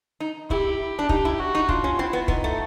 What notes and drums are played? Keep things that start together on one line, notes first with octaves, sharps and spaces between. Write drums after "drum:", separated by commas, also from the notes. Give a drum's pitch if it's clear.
D#4
E4 G4, drum: kick
D4
D#4 G4, drum: kick
E4
F#4
D#4
D4 F4, drum: kick
C#4
C4 E4
B3
B3 D#4, drum: kick
A3